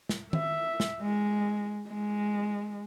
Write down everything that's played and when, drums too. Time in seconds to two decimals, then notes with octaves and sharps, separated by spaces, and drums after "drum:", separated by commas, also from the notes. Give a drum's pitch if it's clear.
0.09 drum: snare
0.33 E5, drum: tom D#3
0.80 drum: snare
1.02 G#3
1.90 G#3